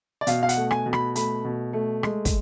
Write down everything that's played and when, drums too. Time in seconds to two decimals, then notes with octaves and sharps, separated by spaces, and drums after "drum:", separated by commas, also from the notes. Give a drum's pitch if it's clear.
0.21 D5
0.27 B2 F5, drum: hi-hat
0.43 F5
0.49 F#5, drum: hi-hat
0.57 A3
0.71 G#5, drum: rim click
0.86 B2
0.93 B5, drum: rim click
1.15 A3 B5, drum: hi-hat
1.45 B2
1.73 A3
2.03 G#3, drum: rim click
2.25 drum: kick, hi-hat